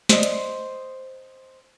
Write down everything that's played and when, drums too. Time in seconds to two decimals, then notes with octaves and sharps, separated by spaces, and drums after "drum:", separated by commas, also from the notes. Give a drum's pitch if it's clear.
0.09 C5 D#5, drum: snare
0.23 drum: hi-hat